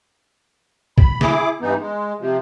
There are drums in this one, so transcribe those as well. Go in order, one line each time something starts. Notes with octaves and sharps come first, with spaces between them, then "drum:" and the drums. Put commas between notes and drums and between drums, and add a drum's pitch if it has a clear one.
B5, drum: kick
E4 G#4 D6, drum: snare
G2 E3 B3 D#4
G#3
C3 F3